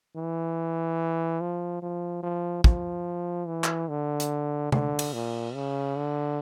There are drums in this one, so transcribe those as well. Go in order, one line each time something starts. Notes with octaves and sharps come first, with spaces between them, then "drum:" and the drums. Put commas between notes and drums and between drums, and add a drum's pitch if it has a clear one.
E3
F3
F3
F3
F3, drum: kick
E3
drum: clap
D3
drum: hi-hat
D3, drum: tom C3
drum: cymbal
A#2
C#3
D3